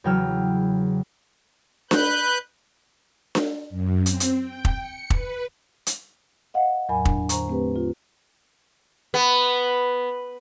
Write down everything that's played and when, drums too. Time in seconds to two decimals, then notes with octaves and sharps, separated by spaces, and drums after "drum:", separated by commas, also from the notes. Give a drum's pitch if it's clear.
0.04 E2 C#3 F#3 G5 E6 F6
1.91 B4 F#6 G6, drum: snare D4
3.35 drum: snare D4
3.70 F#2
4.06 C4, drum: hi-hat
4.20 drum: hi-hat
4.39 G5
4.65 drum: kick
4.79 C#7
5.10 B4, drum: kick
5.87 drum: hi-hat
6.54 D#5 F5 F#5
6.89 E2 A2 F#3 A#4 G#5 B5
7.05 D4, drum: kick
7.29 D3 C5 A#5 C#6, drum: hi-hat
7.48 A3 C4 G4 B4
7.76 F4
9.14 B3